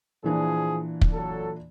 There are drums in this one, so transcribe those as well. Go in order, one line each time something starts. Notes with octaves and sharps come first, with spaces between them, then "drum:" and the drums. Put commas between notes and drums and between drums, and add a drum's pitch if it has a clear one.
A#2 E3 F3 D4 G#4
drum: kick
F#3 A4